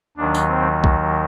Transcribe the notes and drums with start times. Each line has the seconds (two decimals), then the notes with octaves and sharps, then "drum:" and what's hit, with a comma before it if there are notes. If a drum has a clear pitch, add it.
0.17 D#2 D#3 F#3 D4
0.35 drum: tambourine
0.47 C4
0.84 drum: kick